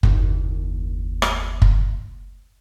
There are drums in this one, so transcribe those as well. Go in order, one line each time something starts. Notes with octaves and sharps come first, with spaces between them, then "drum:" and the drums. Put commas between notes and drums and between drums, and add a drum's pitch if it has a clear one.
F#1 D#2, drum: kick
drum: rim click
drum: kick